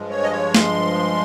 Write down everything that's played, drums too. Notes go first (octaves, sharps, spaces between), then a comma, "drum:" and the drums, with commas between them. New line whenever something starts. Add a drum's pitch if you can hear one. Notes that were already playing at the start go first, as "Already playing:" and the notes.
Already playing: G2 F3 G#3
C#5
D#5
C#5
C6, drum: snare